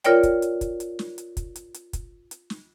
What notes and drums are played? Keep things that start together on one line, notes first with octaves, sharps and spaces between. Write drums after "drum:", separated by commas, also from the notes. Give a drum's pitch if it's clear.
F4 A#4 C#5 D5 G5, drum: hi-hat
drum: kick, hi-hat
drum: hi-hat
drum: kick, hi-hat
drum: hi-hat
drum: snare
drum: hi-hat
drum: kick, hi-hat
drum: hi-hat
drum: hi-hat
drum: kick, hi-hat
drum: hi-hat
drum: snare